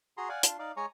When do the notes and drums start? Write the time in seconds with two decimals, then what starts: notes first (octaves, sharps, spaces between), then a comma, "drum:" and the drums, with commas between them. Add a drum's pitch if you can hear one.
0.17 F#4 G#4 A#5 C6
0.29 D5 F5 F#5 G#5
0.43 D4 F4 C6, drum: hi-hat
0.59 D#4 D5 F5
0.77 G#3 C#5 G#5 A#5 C#6